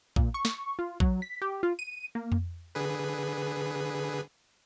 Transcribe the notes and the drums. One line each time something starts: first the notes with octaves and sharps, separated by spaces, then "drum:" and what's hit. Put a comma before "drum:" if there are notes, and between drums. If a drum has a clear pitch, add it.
A#2, drum: kick
C#6
drum: snare
F4
F#3, drum: kick
B6
G4
F4
D#7
A#3
drum: tom F2
D3 G#4 B4